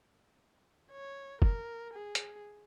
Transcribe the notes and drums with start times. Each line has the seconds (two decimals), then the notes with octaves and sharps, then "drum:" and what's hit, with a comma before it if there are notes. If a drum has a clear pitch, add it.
0.92 C#5
1.42 A#4, drum: kick
1.94 G#4
2.15 drum: hi-hat